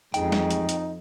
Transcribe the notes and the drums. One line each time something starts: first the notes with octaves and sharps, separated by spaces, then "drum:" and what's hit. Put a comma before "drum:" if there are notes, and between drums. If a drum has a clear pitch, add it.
A1 F2 G#3 D#4 G5, drum: hi-hat
drum: snare G3
drum: hi-hat
drum: hi-hat